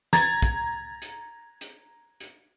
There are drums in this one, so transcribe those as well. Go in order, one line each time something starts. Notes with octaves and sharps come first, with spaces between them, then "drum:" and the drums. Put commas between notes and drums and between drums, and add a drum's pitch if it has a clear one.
A#5 G#6 A6, drum: snare
drum: kick, hi-hat
drum: hi-hat
drum: hi-hat
drum: hi-hat